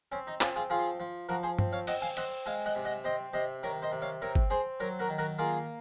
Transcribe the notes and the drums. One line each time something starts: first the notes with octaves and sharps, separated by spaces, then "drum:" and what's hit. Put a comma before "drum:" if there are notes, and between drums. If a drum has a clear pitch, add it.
C4 C#4
D#4
C4 C#4 F4, drum: clap
F4 G#4
F3 F4 G#4
F3
F3 F#4 A#4
G#4 C5
C4, drum: tom G2
C#5 F5
C4 D#5 F#5, drum: cymbal
F5 G#5
C4 D#5 F#5, drum: hi-hat
G#3 F5 G#5
D#5 F#5
C3
D#5 F#5
C4 C5 D#5
C3 C5 D#5
D#3 A#4 C#5
C5 D#5
C3
C#5 F5
C4 A#4 C#5
drum: kick
C4 G#4 C5
F#3 A#4 C#5
F#4 A#4
D#3
F#4 A#4
A#3 F4 G#4